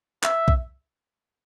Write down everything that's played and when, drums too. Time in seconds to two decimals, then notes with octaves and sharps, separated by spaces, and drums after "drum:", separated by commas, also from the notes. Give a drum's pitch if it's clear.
0.24 E5, drum: clap
0.48 drum: kick